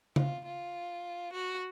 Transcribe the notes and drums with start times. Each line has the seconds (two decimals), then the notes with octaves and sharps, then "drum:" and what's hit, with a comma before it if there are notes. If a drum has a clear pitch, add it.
0.16 F4, drum: tom C#3
0.45 F4
1.33 F#4